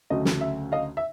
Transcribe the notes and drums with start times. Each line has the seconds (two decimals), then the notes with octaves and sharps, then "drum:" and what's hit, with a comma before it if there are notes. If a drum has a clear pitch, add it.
0.10 D2 C#3 F#3 A3 D#5
0.25 drum: snare
0.41 E5
0.72 D#5 F5
0.97 E5